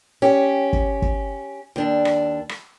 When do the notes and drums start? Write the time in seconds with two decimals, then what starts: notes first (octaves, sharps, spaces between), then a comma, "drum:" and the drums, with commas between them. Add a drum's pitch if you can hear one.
0.22 C#4 G4
0.73 drum: kick
1.02 drum: kick
1.76 D#2 D4
2.05 drum: rim click
2.49 drum: rim click